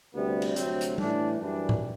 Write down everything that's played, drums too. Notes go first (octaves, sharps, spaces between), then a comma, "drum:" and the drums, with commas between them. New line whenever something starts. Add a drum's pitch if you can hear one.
D2 C3 G3 B3
drum: cymbal
D2 C3 F#3 C4, drum: hi-hat
drum: hi-hat
A2 E3 G3 D4, drum: tom G3
F#2 E3 G3 D4
drum: tom A2